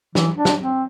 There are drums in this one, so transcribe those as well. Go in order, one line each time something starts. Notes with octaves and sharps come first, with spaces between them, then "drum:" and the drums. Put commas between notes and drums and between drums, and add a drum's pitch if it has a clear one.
E3, drum: snare
D4
drum: snare
C4